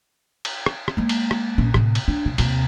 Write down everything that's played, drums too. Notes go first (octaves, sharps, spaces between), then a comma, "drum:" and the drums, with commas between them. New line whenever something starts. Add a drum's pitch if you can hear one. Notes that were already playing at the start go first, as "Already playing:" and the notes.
drum: cymbal
drum: rim click
drum: rim click
G#3 A#3
drum: cymbal
drum: rim click
A#1 C#4
A2 C3, drum: rim click
drum: cymbal
D4
C3
D#2 C3, drum: cymbal